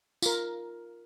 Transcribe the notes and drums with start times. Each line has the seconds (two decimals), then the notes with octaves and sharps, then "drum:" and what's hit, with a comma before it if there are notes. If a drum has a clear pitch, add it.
0.22 F4 A#4, drum: tambourine